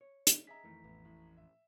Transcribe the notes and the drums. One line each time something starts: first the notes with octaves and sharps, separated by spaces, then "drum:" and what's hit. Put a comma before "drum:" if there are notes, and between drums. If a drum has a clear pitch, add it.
C#5
drum: hi-hat
G#4 D#5 E5 A#5 B6
F2 D#3 E3 A3
A1 B3 E4
A2
E5